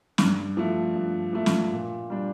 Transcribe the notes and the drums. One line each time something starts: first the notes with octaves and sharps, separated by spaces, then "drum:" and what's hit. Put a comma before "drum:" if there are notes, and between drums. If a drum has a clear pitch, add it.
G2, drum: snare
F3 A3
G2
F3 A3
drum: snare
A#2
G3 D4